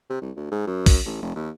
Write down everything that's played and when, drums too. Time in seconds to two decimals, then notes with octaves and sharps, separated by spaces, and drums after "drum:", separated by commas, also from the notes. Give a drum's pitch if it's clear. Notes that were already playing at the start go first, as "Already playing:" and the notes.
0.10 C3
0.22 C2
0.36 D2
0.51 G#2
0.67 F#2
0.86 drum: kick, open hi-hat
1.05 A1
1.22 F1
1.36 D#2